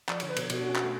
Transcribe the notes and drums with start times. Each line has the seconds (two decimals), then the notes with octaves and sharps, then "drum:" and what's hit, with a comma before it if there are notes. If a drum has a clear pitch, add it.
0.09 F3 D5, drum: clap
0.20 D3 C#5, drum: cymbal
0.29 B4
0.36 B2, drum: cymbal
0.50 B2 F#4, drum: cymbal
0.61 D4
0.68 C#4
0.76 B3, drum: clap
0.84 A3